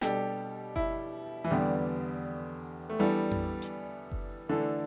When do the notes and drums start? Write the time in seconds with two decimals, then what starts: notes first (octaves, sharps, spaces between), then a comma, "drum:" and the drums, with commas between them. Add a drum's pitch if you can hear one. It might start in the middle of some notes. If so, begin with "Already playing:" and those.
0.01 B2 G3 D4 G4 A4, drum: snare
0.76 E4, drum: kick F#1
1.44 E3
1.50 E2 D3 G3 B3 D4 G4
2.90 A3
2.99 E3 G3 B3 D4 A4
3.31 drum: tom F2
3.62 drum: hi-hat
4.12 drum: kick F#1
4.49 D3 E3 A3 D4 A4